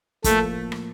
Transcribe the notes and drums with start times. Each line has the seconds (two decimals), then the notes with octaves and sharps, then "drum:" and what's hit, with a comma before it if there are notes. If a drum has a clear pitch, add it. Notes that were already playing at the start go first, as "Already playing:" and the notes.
0.24 A2 F3 A3 A#3, drum: kick, hi-hat
0.72 drum: rim click